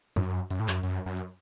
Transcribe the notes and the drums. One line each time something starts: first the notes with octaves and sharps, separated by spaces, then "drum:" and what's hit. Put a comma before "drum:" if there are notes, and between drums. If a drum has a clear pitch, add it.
F#2, drum: tom
F#2, drum: hi-hat
A2
F#2, drum: clap
F#2, drum: hi-hat
F#2
drum: hi-hat